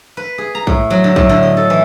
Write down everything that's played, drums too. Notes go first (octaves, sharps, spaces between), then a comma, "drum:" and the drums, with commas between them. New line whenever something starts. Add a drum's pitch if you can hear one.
B4
G#4
A#5
A2, drum: kick
F#3
D3
A2, drum: kick
D3
D#5
A4
E3